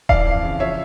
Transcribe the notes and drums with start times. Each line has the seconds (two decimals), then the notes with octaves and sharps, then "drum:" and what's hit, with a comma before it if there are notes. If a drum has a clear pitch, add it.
0.09 E3 D5 F5, drum: kick D#1
0.26 F2
0.44 C#3
0.60 F3 C#5 E5